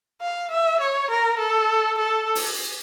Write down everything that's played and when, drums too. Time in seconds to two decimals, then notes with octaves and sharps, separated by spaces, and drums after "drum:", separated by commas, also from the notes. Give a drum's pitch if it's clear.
0.22 F5
0.51 E5
0.80 C#5
1.10 A#4
1.39 A4
1.98 A4
2.35 drum: open hi-hat